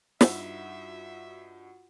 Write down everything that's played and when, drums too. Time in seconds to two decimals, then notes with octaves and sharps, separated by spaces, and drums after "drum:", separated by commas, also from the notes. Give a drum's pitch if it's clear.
0.21 G2 D#4 F4 F#4 E5 F#5 E6, drum: snare